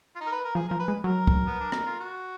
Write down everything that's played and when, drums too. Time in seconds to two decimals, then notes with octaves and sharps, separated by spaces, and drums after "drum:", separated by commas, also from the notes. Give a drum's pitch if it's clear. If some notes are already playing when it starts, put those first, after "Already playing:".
0.16 F4
0.20 D#4
0.27 A#4
0.32 B4
0.44 A#4
0.55 F3 G#4
0.68 F3 A#4
0.79 B4
0.88 G#3
1.04 F#3 A#4
1.27 drum: kick
1.46 B3
1.60 D4
1.72 D#4, drum: rim click
1.86 F4
2.00 F#4